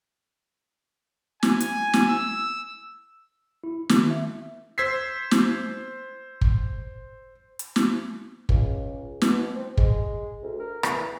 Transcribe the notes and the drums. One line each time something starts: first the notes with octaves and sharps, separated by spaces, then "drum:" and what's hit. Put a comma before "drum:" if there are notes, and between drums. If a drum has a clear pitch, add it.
G#5, drum: snare
drum: hi-hat
drum: snare
E6
E4
D#3, drum: snare
E5
C5 E6 G#6 B6 C7
drum: snare
drum: kick
drum: hi-hat
drum: snare
C#2, drum: kick
B2, drum: snare
C4
G#3, drum: kick
D2
A#4
E3, drum: rim click